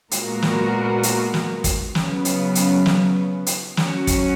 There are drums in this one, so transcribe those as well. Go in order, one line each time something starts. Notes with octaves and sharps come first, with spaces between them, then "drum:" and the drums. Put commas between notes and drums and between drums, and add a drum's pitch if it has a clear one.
A#2 G#3 B3 F#4 A#4, drum: hi-hat
drum: snare
drum: hi-hat
drum: snare
drum: kick, hi-hat
C#3 F#3 B3, drum: snare
drum: hi-hat
drum: hi-hat
drum: snare
drum: hi-hat
F#3 C#4 F#4 C#5, drum: snare
drum: kick, hi-hat